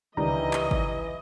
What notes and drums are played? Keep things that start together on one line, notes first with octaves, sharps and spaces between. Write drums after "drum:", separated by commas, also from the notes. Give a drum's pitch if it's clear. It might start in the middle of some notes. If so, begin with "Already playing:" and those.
C#2 D#3 E3 G3 D4 D#5 A#5
drum: clap
drum: kick G#1